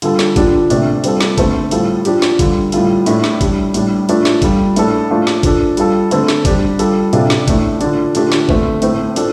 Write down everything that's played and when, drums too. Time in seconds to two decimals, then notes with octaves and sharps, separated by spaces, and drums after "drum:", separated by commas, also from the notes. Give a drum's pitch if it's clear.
0.02 D3 G3 F4 A4, drum: hi-hat
0.19 drum: snare
0.36 D3 F3 D4 G4, drum: kick G#1, hi-hat
0.70 C3 A3 D4, drum: hi-hat
1.04 G3 C4 F4 A4, drum: hi-hat
1.21 drum: snare
1.38 D3 A3 C4 A4, drum: kick G#1, hi-hat
1.71 A2 G3 F4 A4, drum: hi-hat
2.05 F3 D4 G4, drum: hi-hat
2.22 drum: snare
2.39 D3 G3 F4, drum: kick G#1, hi-hat
2.72 A2 G3 F4 A4, drum: hi-hat
3.06 A2 A3 D4, drum: hi-hat
3.24 drum: snare
3.41 G3 D4 G4, drum: kick G#1, hi-hat
3.74 A2 G3 D4, drum: hi-hat
4.09 F3 A3 D4, drum: hi-hat
4.25 drum: snare
4.42 G3 F4 A4, drum: kick G#1, hi-hat
4.76 A2 A3 D4 A4, drum: hi-hat
5.11 F3 A3 D4 F4
5.27 drum: snare
5.43 F3 D4 A4, drum: kick G#1, hi-hat
5.77 G3 F4 A4, drum: hi-hat
6.11 D3 A3 C4 A4, drum: hi-hat
6.28 drum: snare
6.45 G3 D4 G4, drum: kick G#1, hi-hat
6.79 G3 F4 A4, drum: hi-hat
7.13 C3 F3 D4 F4 A4, drum: hi-hat
7.30 drum: snare
7.48 A2 A3 D4, drum: kick G#1, hi-hat
7.81 D3 F3 D4, drum: hi-hat
8.15 D3 F3 A3 D4 G4, drum: hi-hat
8.32 drum: snare
8.49 D3 A3 C4, drum: kick G#1
8.82 A2 A3 C4, drum: hi-hat
9.16 F3 D4 A4, drum: hi-hat